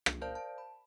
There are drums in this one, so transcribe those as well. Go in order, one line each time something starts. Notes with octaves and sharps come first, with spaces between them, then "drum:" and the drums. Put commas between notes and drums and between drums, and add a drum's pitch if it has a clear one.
drum: rim click
A#4 C5 D5 F5 A5 G6
A5
B5